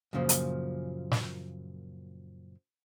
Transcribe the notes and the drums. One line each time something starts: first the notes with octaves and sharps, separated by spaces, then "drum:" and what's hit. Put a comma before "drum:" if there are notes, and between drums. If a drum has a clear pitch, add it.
F#2 A#2 C#3 F3 A#3
drum: hi-hat
drum: snare